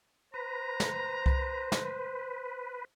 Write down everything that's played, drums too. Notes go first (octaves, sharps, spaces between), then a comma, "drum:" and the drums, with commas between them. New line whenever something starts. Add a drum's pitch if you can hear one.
B4 C5 A#5
drum: snare
drum: kick C2
drum: snare